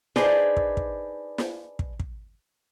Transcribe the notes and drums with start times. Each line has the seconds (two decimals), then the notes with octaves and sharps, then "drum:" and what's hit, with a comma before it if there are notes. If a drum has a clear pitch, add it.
0.16 D4 D#4 G#4 B4 C5 D5, drum: snare
0.57 drum: kick
0.77 drum: kick
1.38 drum: snare
1.79 drum: kick
2.00 drum: kick